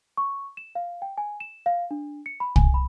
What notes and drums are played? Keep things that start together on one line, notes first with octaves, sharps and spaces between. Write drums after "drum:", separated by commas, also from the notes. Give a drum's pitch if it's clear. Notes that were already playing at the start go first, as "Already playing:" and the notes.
C#6
E7
F5
G5
G#5
E7
F5
D4
C#7
B5
G#5, drum: kick
B5